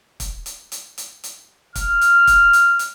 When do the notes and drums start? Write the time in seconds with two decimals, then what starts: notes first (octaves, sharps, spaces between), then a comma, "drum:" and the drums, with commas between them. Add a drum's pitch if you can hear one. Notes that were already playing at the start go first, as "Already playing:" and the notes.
0.20 drum: kick, hi-hat
0.46 drum: hi-hat
0.72 drum: hi-hat
0.98 drum: hi-hat
1.24 drum: hi-hat
1.75 F6, drum: kick, hi-hat
2.01 drum: hi-hat
2.27 drum: kick, hi-hat
2.53 drum: hi-hat
2.79 drum: hi-hat